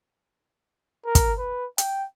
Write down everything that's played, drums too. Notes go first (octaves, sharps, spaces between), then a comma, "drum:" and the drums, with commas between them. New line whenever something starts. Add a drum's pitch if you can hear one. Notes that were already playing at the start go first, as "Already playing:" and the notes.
A#4
drum: kick, hi-hat
B4
G5, drum: hi-hat